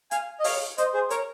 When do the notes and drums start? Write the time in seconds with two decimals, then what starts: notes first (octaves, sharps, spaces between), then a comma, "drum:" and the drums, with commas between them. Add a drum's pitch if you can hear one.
0.11 F5 G#5, drum: hi-hat
0.40 D#5
0.44 C#5 F5, drum: open hi-hat
0.78 C5 D#5, drum: hi-hat
0.94 G#4 C5
1.10 A#4 C#5, drum: hi-hat